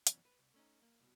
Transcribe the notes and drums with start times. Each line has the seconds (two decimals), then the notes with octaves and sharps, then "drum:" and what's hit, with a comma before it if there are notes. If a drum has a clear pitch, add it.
0.07 C2 F2 E3 F#3 B3 C#4, drum: hi-hat
0.25 B4
0.39 C2
0.54 A3 C#4 D#4
0.82 A#3
1.00 C2 B2